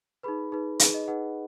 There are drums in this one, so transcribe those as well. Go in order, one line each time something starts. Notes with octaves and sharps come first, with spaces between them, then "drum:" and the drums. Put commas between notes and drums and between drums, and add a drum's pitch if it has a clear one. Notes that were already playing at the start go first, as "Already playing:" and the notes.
D#4 G#4 B4 B5
D#4 G#4 B4
D#4 G#4 B4, drum: hi-hat
D#5
D#4 G#4 B4 F#5